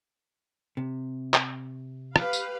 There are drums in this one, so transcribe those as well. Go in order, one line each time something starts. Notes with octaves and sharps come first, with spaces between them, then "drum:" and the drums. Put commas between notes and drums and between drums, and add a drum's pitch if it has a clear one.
C3
drum: clap
G4 B4 F5, drum: rim click
drum: tambourine